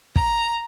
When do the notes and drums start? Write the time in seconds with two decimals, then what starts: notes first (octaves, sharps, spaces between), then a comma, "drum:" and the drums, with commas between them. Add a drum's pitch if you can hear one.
0.16 A#5, drum: kick